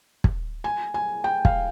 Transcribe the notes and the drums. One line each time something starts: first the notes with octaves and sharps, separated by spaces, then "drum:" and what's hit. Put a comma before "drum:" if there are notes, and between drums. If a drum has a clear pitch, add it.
drum: kick
G#5
G#5
G5
F5, drum: kick